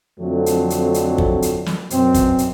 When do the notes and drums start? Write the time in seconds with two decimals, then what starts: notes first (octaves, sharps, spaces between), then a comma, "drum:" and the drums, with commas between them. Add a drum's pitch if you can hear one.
0.19 F2 D3 F3 F#3 A3 C4
0.46 drum: hi-hat
0.70 drum: hi-hat
0.94 drum: hi-hat
1.18 drum: kick
1.42 drum: hi-hat
1.66 drum: snare
1.90 F#2 B2 C4, drum: hi-hat
2.14 drum: kick, hi-hat
2.38 drum: hi-hat